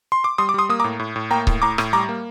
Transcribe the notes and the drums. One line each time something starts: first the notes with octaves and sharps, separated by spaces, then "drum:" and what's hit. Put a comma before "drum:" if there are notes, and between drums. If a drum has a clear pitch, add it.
C6
D6
G3 C6 D#6
D6
G3 C6 D#6
A#3 D#6
A#5 D6
A2
A2
A2
A#3 G5 A#5
A2, drum: kick C#1
A2 A#5 D6
A2, drum: rim click
G3 A#5 D6
A#3